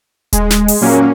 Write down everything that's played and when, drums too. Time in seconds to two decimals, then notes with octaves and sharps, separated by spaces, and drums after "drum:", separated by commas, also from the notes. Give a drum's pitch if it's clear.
0.33 G#3, drum: kick D#1, hi-hat
0.50 drum: snare
0.68 drum: open hi-hat
0.81 A#2 F#3 A#3 C#4